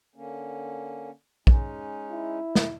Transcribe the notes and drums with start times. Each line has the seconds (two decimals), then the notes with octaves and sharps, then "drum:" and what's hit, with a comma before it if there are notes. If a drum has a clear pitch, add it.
0.16 D3 A#3 C#4
1.47 G#3 C#4 D#4, drum: kick
2.11 E4
2.55 drum: snare